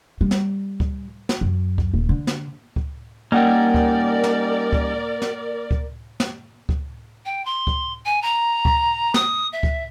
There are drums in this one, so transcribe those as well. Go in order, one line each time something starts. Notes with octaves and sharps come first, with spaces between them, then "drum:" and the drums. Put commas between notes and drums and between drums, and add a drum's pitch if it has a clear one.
G3
drum: snare
drum: kick C#2
drum: snare
F#2
drum: kick C#2
D#1
D3
drum: snare
drum: kick C#2
G3 A#3 C#4 D#4 A#4 D5 F#5 G5
drum: kick C#2
drum: snare
drum: kick C#2
drum: snare
drum: kick C#2
drum: snare
drum: kick C#2
G5
C6
drum: kick C#2
G#5
A#5
drum: kick C#2
D#6, drum: snare
E5
drum: kick C#2